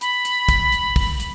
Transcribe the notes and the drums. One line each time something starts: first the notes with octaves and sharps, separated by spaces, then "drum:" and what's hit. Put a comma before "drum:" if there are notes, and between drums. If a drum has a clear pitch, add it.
B5, drum: hi-hat
drum: hi-hat
drum: kick, hi-hat
drum: hi-hat
drum: kick, open hi-hat
drum: hi-hat